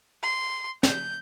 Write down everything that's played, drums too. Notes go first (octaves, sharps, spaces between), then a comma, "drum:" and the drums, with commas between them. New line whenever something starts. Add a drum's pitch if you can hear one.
C6
G6, drum: snare